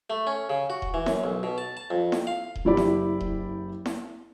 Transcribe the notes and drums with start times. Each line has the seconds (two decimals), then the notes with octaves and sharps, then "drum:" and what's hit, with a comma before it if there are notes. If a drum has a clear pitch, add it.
0.10 A3
0.27 C#4
0.50 C#3
0.70 F#4
0.82 drum: kick D#1
0.94 E3
1.06 F#2, drum: snare E4
1.24 B1
1.43 B2
1.58 A5
1.77 A5
1.90 F2
2.12 drum: snare E4
2.27 F5
2.55 drum: kick D#1
2.65 F#1 E4 G4 D5 B5
2.77 drum: snare E4
3.21 drum: kick D#1
3.86 drum: snare E4